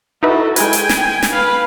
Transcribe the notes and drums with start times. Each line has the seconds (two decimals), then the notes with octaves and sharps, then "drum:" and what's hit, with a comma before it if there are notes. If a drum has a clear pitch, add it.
0.23 D#4 E4 F#4 A4 B4
0.56 G#3 E4 B4 G5 G#5, drum: hi-hat
0.73 drum: hi-hat
0.89 drum: snare
1.22 drum: snare
1.32 B4 F5